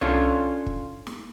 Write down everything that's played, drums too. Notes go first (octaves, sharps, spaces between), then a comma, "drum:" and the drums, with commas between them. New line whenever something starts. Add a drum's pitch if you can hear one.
C#4 D4 F4 A4 C#5, drum: tom C2
drum: kick
drum: snare